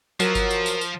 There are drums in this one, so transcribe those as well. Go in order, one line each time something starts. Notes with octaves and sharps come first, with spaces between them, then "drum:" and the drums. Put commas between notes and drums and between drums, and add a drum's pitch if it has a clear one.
F3 F#3 A#4, drum: tambourine
drum: kick G1, tambourine
drum: tambourine
drum: tambourine
drum: tambourine